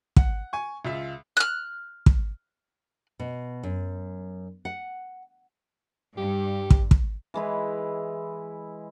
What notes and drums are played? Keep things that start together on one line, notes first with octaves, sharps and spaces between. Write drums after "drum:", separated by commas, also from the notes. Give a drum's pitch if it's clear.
F#5, drum: kick
G#5 C#6
C#2 F4 E5
F6 F#6
drum: kick
B2
F#2
F#5
G2 G4
drum: kick
drum: kick
E3 G#3 E4 B4